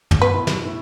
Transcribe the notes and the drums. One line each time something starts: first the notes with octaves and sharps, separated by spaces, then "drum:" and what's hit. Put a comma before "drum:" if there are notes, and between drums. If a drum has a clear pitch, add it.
drum: tom
B2 B4
A2
B2, drum: snare
A2